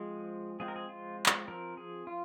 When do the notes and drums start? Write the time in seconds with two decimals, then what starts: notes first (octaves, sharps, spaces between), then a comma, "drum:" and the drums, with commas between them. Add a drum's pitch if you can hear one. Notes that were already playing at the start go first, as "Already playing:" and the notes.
Already playing: F3 G#3 C4 G#4
0.60 F3 G#3 C4 G#4
0.68 A#4
0.76 G#4
0.89 F4
1.26 drum: clap
1.48 F3 C4 A#4
1.77 G#4
2.07 F4